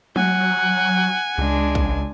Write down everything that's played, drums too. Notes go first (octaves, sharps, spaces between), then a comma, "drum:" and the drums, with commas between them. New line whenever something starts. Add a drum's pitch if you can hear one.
F#3 F#5 G#5, drum: tom
C#2 G#3 D4
drum: kick